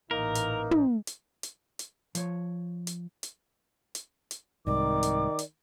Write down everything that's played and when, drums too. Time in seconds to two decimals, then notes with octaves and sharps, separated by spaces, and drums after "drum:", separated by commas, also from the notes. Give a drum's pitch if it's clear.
0.11 A1 A#2 E3 A#3 D#4 A#4
0.35 drum: hi-hat
0.71 drum: tom
1.07 drum: hi-hat
1.43 drum: hi-hat
1.79 drum: hi-hat
2.15 F3 C#5, drum: hi-hat
2.87 drum: hi-hat
3.23 drum: hi-hat
3.95 drum: hi-hat
4.31 drum: hi-hat
4.67 C2 G#2 D#3 D5 D6
5.03 drum: hi-hat
5.39 drum: hi-hat